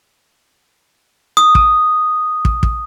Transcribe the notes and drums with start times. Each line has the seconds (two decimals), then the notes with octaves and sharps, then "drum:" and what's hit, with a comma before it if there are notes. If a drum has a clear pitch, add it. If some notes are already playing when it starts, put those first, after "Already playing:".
1.37 D#6
1.55 drum: kick
2.45 drum: kick
2.63 drum: kick